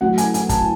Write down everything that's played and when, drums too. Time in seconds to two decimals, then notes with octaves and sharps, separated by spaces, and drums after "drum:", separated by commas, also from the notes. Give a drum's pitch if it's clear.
0.01 F#3 A3 C#4 F#4 F#5
0.18 G#5, drum: hi-hat
0.34 G#5, drum: hi-hat
0.49 A5, drum: kick, hi-hat